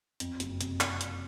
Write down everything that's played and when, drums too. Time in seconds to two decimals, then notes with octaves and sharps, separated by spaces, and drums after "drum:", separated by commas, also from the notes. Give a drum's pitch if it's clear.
0.20 F2, drum: hi-hat
0.40 F#1, drum: hi-hat
0.61 C3, drum: hi-hat
0.80 drum: clap
1.01 drum: hi-hat